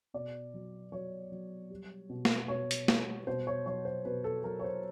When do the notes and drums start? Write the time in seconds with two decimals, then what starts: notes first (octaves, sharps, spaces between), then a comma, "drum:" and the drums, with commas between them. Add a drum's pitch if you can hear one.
0.14 B2 D5
0.54 F#3
0.92 F#3 C#5
1.32 F#3
1.70 G3
2.09 B2
2.25 drum: snare
2.48 B2 C#5
2.71 drum: hi-hat
2.88 G3, drum: snare
3.27 B2 C5
3.47 C#5
3.66 F#3 C#5
3.85 C5
4.05 B2 B4
4.24 A4
4.44 F#3 A#4
4.59 C#5
4.64 C5